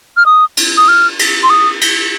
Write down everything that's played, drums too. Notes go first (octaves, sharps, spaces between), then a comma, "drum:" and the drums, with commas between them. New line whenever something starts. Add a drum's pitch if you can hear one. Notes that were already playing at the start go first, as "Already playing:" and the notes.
F6
D#6
drum: cymbal
D#6
F6
drum: cymbal
C6
D#6
drum: cymbal